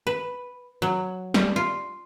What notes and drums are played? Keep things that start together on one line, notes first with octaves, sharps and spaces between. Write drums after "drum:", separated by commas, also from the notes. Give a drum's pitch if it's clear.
B4
F#3
G3, drum: snare
F4